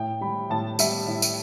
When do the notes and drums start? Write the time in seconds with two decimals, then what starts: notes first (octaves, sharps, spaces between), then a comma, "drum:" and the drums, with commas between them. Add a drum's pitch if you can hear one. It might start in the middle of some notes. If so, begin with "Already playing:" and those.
Already playing: A2 G5
0.21 G3 B5
0.50 A2 A5
0.79 G3 E5, drum: tambourine
1.07 A2
1.22 drum: tambourine